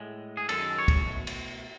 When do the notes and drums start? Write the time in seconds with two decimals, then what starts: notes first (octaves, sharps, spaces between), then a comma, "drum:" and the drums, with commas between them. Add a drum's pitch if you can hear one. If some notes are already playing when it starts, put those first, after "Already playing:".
Already playing: A2 G#3
0.37 G#4
0.49 F#2 D#3 G#3 A4, drum: cymbal
0.78 C#5
0.88 drum: kick, cymbal
1.07 B2 A3
1.27 drum: cymbal